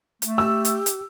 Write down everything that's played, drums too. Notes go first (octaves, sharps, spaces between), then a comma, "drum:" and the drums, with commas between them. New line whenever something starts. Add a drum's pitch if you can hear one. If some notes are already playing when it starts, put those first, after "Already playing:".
A3, drum: hi-hat
G4 E6
drum: hi-hat
drum: hi-hat